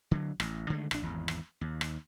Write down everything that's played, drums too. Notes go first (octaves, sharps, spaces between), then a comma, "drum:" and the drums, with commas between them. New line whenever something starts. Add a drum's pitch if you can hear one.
D3 F3 F#3
A1, drum: rim click
D3 D#3 G#3 A3
A#1 D4, drum: rim click
G#1 E2
drum: rim click
D#2
drum: rim click